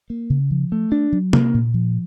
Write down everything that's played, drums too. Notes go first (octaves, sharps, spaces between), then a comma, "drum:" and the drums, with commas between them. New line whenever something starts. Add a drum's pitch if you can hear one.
A#3
C#3
F3
A3
D4
F#3
A#3, drum: tom C3
A#2
F3